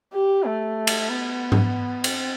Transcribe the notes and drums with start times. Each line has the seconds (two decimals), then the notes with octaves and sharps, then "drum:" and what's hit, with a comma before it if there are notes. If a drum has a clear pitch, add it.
0.14 G4
0.46 A3
0.87 drum: cymbal
1.09 B3
1.52 drum: tom G#2
2.04 C4, drum: cymbal